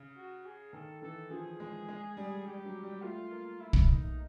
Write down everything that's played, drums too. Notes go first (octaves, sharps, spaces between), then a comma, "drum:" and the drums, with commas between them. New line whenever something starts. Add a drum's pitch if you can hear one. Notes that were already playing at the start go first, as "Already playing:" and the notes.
Already playing: C#3
F#4
G#4
D#3 A4
E3 A4
F3 G#4
G#3
G#3
G3
G3 G4
F#3
G3
A3 F4
A#3
E4
drum: kick
D#4